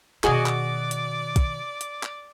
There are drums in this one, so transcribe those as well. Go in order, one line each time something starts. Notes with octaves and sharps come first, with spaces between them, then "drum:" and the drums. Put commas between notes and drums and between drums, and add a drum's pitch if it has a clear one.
B2 D#3 F#4 G#4 D5 D#5 G#5, drum: clap
drum: clap
drum: hi-hat
drum: kick, hi-hat
drum: hi-hat
drum: clap